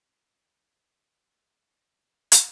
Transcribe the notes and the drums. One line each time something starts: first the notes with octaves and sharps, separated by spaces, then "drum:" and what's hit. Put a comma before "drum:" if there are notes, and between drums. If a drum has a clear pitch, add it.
D#4
drum: hi-hat